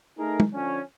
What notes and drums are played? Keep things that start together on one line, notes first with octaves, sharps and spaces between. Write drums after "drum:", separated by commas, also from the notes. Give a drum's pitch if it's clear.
A3 D#4 G#4 A#4
drum: tom
D3 F3 C#4